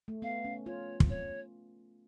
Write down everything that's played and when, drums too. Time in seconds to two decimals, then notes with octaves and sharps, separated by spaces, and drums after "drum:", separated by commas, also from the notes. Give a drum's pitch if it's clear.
0.08 A3
0.22 B3 F5
0.45 C#4
0.66 F4 C#5
1.00 drum: kick
1.09 C#5